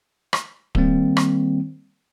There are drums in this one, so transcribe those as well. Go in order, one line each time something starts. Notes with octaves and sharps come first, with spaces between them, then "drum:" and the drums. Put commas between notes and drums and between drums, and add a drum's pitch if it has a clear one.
drum: rim click
D#3 G3 A#3 C4, drum: kick D1
drum: rim click